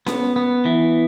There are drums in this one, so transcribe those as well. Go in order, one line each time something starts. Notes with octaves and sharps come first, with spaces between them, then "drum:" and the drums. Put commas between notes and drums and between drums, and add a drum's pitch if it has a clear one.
B3, drum: snare C#4
B3
E3